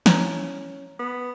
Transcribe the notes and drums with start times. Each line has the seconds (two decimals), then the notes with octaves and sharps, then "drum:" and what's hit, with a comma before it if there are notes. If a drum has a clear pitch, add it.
0.06 C#4 E4 A#5, drum: snare
0.99 B3